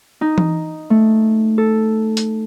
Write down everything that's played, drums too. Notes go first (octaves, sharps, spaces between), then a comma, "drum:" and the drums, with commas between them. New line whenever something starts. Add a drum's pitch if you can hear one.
D#4
drum: tom E3
A3
A4
drum: hi-hat